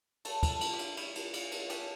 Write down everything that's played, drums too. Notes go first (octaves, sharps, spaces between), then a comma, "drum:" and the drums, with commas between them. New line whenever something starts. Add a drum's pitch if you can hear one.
A3 A4, drum: cymbal
A3, drum: kick, cymbal
A4
D3, drum: cymbal
G4
D3, drum: cymbal
G3 E4, drum: cymbal
D3, drum: cymbal
G3, drum: cymbal
D3, drum: cymbal
A3 G4, drum: cymbal